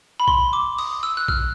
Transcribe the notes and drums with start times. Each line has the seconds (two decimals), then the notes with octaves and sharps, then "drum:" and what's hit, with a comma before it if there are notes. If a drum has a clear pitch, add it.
0.20 B5
0.28 C6, drum: kick A#1
0.53 D6
0.78 D#6, drum: cymbal
1.03 E6
1.17 F#6
1.28 F6, drum: kick A#1